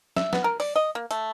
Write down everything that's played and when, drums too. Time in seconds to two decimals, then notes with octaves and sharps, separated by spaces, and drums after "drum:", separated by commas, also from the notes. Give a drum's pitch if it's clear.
0.16 E5, drum: snare
0.33 B3, drum: snare
0.44 A#4
0.60 D5, drum: open hi-hat
0.76 D#5
0.95 A#3
1.11 A3, drum: hi-hat